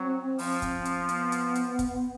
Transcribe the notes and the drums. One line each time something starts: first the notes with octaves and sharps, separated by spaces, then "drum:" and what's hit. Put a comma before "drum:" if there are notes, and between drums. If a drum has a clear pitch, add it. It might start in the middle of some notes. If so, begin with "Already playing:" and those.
Already playing: F#3 C4
F3, drum: open hi-hat
drum: kick, hi-hat
drum: hi-hat
B3, drum: hi-hat
drum: hi-hat
drum: hi-hat
drum: kick, hi-hat